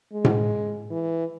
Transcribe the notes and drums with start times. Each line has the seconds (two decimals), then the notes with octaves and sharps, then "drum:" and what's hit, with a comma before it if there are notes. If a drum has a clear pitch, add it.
0.13 G#3
0.24 drum: tom A2
0.90 E3